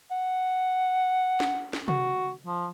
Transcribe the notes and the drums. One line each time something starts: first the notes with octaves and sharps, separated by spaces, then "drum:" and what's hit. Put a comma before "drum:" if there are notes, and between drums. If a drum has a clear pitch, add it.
F#5
drum: snare
drum: snare
F#4, drum: tom C3
F3